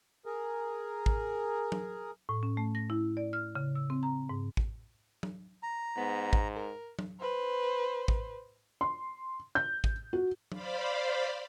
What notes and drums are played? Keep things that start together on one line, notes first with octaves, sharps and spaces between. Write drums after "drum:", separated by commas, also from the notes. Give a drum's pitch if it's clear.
G#4 A#4
drum: kick A1
drum: tom F#3
A2
C#4
A3
A#6
E4
D5
F6
C#3
E6
C4
A#5
G#2
drum: kick A1
drum: tom F#3
A#5
G#2 B3
drum: kick A1
A#4
drum: tom F#3
B4 C5
drum: kick A1
C6
G6
drum: kick A1
F#4
C5 D5 F5 B5, drum: tom F#3